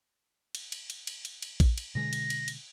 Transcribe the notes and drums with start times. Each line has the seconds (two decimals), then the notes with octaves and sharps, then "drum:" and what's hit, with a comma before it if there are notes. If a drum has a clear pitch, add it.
0.55 drum: cymbal
0.72 drum: cymbal
0.90 drum: cymbal
1.07 drum: cymbal
1.25 drum: cymbal
1.42 drum: cymbal
1.60 drum: kick A#1, cymbal
1.78 drum: cymbal
1.95 B2 D3 G#3 A#6
2.13 drum: cymbal
2.30 drum: cymbal
2.48 drum: cymbal